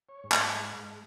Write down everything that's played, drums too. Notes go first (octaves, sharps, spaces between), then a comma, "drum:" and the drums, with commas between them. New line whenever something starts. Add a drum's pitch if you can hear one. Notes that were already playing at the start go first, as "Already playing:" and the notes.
C#5
G#2
E5, drum: clap
G#3